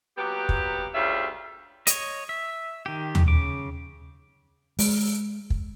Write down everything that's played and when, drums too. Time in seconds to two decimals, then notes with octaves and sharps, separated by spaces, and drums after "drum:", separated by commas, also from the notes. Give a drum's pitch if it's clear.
0.17 F#3 A#3 B3 G4
0.49 drum: kick
0.94 D2 G3 C#4 F4 G#4 E5
1.87 C#5 D#5, drum: hi-hat
2.29 E5
2.86 D#3 G4
3.15 drum: tom D#2
3.27 C#3 D6
4.79 G#3, drum: open hi-hat
5.50 drum: kick